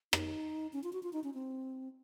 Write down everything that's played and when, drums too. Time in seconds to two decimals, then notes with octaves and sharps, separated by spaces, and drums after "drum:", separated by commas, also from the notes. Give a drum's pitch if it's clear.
0.13 D#4, drum: rim click
0.73 C#4
0.84 F4
0.93 F#4
1.03 F4
1.13 D#4
1.24 C#4
1.34 C4